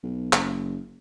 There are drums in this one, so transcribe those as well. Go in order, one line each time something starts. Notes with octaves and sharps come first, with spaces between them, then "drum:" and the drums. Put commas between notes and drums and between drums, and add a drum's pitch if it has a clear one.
B1
F#1, drum: clap